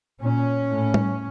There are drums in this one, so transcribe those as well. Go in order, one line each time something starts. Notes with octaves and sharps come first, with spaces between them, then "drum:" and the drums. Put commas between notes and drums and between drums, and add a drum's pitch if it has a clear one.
A#2 C#4
A2
drum: tom G3